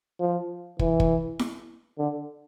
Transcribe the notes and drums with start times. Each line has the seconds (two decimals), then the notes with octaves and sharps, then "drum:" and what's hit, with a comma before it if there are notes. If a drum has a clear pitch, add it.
0.20 F3
0.79 E3, drum: kick
1.00 drum: kick
1.39 drum: snare E4
1.98 D3